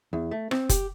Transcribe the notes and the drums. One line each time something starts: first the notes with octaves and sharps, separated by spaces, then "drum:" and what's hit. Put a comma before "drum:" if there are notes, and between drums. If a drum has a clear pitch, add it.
E2
A3
C4, drum: rim click
G4, drum: kick F1, hi-hat